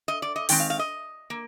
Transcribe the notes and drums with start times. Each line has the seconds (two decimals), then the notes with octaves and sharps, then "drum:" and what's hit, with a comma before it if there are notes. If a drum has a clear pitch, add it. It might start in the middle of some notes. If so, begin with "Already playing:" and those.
0.08 D#5
0.22 D5
0.36 D#5
0.49 D#3 G#3 C4 G5, drum: open hi-hat
0.60 F5
0.70 F5
0.79 D#5
1.30 A#3